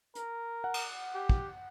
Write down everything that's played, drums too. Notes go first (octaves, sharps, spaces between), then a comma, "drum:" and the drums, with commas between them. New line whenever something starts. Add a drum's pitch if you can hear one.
A#4, drum: hi-hat
F#5
drum: cymbal
G4
drum: kick